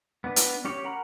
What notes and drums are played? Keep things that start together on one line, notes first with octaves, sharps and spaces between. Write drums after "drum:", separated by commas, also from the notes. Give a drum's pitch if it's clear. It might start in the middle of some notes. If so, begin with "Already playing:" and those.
B3 D4 B4
drum: hi-hat
C#4 G4 C#5
A#4 F#5 A#5 B5